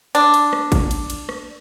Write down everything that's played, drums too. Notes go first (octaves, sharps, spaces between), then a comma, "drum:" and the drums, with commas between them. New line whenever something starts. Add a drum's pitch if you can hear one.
D4, drum: cymbal
drum: cymbal
drum: rim click
drum: kick, cymbal
drum: cymbal
drum: cymbal
drum: rim click